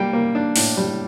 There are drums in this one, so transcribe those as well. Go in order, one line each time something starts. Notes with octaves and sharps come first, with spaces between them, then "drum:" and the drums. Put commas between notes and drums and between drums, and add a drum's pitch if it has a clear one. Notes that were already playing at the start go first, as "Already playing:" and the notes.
Already playing: G3 A#3 G5
A#3
D4
A2, drum: open hi-hat
G3